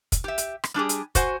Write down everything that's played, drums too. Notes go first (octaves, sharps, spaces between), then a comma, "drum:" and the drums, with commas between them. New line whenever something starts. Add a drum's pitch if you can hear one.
drum: kick, hi-hat
G4 E5
drum: hi-hat
drum: rim click
G3 D4 G4 G#4
drum: hi-hat
F#4 C5 F#5 G#5, drum: kick, hi-hat